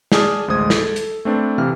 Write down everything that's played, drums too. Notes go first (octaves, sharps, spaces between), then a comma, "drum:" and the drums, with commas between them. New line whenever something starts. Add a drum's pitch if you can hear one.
G#4 D5 G#5 A5 D#6 F6, drum: snare
A1 D2 G#3 C5 D#6 G#6
A4, drum: snare
drum: hi-hat
A3 C4 D4 B4
C3 E3 F5 F6